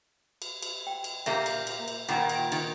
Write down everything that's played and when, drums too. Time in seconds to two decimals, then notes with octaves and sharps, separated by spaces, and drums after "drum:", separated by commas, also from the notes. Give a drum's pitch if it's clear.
0.42 drum: cymbal
0.62 drum: cymbal
0.87 G5
1.04 drum: cymbal
1.26 A#2 A#3 G4 E5, drum: cymbal
1.46 drum: cymbal
1.67 drum: cymbal
1.88 drum: cymbal
2.09 A#2 D#3 F#5 G5 B5 D6, drum: cymbal
2.29 drum: cymbal
2.52 D#3, drum: cymbal